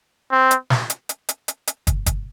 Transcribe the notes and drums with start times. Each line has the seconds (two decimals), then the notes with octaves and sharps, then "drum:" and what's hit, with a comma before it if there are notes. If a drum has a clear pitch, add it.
0.31 C4
0.51 drum: hi-hat
0.70 drum: snare
0.90 drum: hi-hat
1.09 drum: hi-hat
1.29 drum: hi-hat
1.48 drum: hi-hat
1.67 drum: hi-hat
1.87 drum: kick, hi-hat
2.06 drum: kick, hi-hat